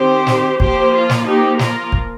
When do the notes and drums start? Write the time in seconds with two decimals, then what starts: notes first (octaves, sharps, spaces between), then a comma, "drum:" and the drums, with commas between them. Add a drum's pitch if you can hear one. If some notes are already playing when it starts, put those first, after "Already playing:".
Already playing: D#3 C4 G4 C5
0.27 drum: snare
0.60 F3 A#3 G4 C5, drum: kick
0.93 F4
1.09 drum: snare
1.26 D#4 G4
1.59 F4 A#4, drum: snare
1.92 drum: kick